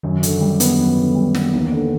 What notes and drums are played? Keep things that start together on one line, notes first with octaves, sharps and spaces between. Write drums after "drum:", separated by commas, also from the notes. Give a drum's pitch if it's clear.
F#2 D#3
D3, drum: hi-hat
G3
B3, drum: hi-hat
F#2
D3
G3
B3, drum: snare
D#2 E3
D3